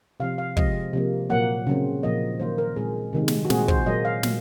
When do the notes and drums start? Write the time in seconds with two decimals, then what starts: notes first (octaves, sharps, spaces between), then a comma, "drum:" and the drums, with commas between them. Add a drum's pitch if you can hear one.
0.20 C3 F3 C4 F5
0.38 F5
0.57 C3 F3 G#3 C4 D#5, drum: kick
0.93 C3 F3 A#3
1.30 A#2 F#3 A#3 F#5
1.67 C#3 F#3 C4
2.03 A#2 F3 A#3 D#5
2.39 D#3 F#3 A#3 C5
2.58 A#4
2.76 A#2 G#3 C4 G#4
3.13 C3 D#3 G#3 C4
3.28 drum: snare
3.45 F#4
3.50 A#2 G#3 C4 G#4, drum: snare
3.68 C5, drum: kick
3.86 A#2 F#3 A#3 D#5
4.05 F5
4.23 A#2 F#3, drum: snare